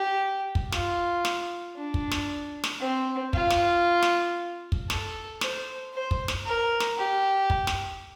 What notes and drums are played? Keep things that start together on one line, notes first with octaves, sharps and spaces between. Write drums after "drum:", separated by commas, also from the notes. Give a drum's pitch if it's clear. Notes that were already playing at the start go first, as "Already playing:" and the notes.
Already playing: G4
drum: kick
F4, drum: snare
drum: snare
D4
drum: kick
drum: snare
drum: snare
C4
F4, drum: kick
drum: snare
drum: snare
drum: kick
A4, drum: snare
C5, drum: snare
C5
drum: kick
drum: snare
A#4
drum: snare
G4
drum: kick
drum: snare